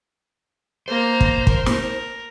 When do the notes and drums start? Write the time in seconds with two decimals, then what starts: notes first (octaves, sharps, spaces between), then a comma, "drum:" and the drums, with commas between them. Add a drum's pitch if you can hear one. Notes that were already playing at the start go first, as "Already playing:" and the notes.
0.88 A#3 C5 A#5
1.21 drum: kick
1.47 A#4, drum: kick
1.66 drum: snare